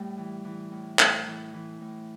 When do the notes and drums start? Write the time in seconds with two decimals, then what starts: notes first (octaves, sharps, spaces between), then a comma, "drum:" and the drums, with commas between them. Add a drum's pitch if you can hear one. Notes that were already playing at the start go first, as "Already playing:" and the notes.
Already playing: A2 G3 A3
0.18 E3
0.45 E3
0.72 A2
0.99 A2 A3, drum: clap
1.27 E3
1.54 E3
1.81 A2